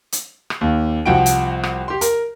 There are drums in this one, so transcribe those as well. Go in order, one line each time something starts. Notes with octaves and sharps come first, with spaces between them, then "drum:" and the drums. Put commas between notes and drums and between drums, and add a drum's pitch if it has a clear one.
drum: hi-hat
drum: rim click
D#2
C2 F3 F#4 F#5 G5 D7
drum: hi-hat
drum: rim click
G4 C6
A#4, drum: hi-hat